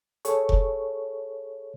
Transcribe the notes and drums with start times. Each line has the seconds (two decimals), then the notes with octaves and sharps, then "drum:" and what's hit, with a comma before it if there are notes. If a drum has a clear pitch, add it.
0.25 G#4 A4 C#5 C#6, drum: hi-hat
0.49 drum: kick F1